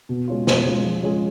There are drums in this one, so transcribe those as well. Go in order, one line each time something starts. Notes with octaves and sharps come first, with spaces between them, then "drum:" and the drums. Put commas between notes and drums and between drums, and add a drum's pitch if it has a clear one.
B2
G#3 C#4 F4
B2, drum: snare
G#3 C#4 F4
F3
G#3 C#4 F4 G#4